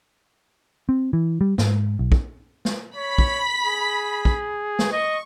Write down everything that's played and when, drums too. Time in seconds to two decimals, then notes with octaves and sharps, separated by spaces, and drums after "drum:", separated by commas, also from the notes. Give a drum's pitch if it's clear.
0.89 C4
1.13 E3
1.41 G3
1.58 G#2, drum: snare
1.99 B1
2.12 drum: kick
2.65 drum: snare
2.96 C#5 B5 B6
3.18 drum: kick
3.65 G#4
4.25 drum: kick
4.79 drum: snare
4.92 D#5 C#6